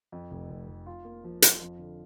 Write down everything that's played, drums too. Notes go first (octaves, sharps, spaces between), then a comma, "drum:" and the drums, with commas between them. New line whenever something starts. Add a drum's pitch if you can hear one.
F2
F1
F1
F1
F4
A#3
F3
F3, drum: hi-hat
F2
D3